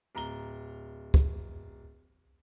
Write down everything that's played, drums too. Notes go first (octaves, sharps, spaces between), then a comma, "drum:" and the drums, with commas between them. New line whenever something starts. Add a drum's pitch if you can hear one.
D1 A#5 G7
drum: kick